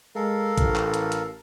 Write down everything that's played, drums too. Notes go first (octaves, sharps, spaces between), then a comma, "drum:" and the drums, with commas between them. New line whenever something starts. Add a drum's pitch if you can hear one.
G#3 A4 A#4 F5
A1, drum: kick A#1, hi-hat
drum: clap
drum: hi-hat
drum: hi-hat